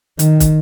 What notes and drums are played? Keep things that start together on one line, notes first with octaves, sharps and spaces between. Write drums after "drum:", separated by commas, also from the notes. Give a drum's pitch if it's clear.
D#3, drum: hi-hat
drum: kick, hi-hat